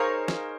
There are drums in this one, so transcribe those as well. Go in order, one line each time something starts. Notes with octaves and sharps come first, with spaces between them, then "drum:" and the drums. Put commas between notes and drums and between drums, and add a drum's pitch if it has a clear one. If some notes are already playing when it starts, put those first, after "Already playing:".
Already playing: D#4 G#4 A#4 C5 C#5 F5
drum: snare